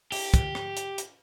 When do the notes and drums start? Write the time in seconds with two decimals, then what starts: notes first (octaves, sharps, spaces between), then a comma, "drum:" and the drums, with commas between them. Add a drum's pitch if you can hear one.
0.12 G4, drum: open hi-hat
0.34 drum: kick, hi-hat
0.55 drum: rim click
0.77 drum: hi-hat
0.98 drum: hi-hat